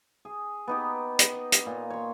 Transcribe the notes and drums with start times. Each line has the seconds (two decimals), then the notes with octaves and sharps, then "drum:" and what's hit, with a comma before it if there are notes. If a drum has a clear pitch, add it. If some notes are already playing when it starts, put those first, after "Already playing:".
0.25 G#4
0.68 B3 D#4 G4
1.19 drum: hi-hat
1.33 D#5
1.52 drum: hi-hat
1.66 A#2
1.90 C#5 C6